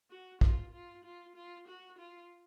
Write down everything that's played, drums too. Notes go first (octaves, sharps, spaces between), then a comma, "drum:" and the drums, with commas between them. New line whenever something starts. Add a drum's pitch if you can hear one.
F#4
F4, drum: kick
F4
F4
F4
F#4
F4